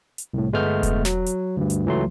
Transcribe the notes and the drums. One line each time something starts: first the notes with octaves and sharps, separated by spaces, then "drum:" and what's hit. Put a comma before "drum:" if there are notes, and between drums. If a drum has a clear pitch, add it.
drum: hi-hat
C2 A2
G1 G#3 A3 B3 F6 G6
drum: kick E1, hi-hat
F#3, drum: snare
drum: hi-hat
D2 G2
drum: hi-hat
C#2 E3 F#3 A3 C6